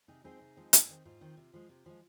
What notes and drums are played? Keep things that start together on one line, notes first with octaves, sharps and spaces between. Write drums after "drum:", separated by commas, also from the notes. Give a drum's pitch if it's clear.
C3 D#4 G#4
F3 G#3 C4 D#4 G#4
C3
F3 G#3 C4
G#2, drum: hi-hat
D#3 C4
G#2 F4
D#3 C4
C3
F3 G#3
C3
F3 G#3